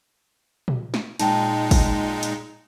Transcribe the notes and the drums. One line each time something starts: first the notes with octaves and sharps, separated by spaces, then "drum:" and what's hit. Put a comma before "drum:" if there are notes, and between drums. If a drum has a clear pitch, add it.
drum: tom A#2
drum: snare
A#2 G#3 D#4 G5 A5, drum: hi-hat
drum: kick, open hi-hat
drum: hi-hat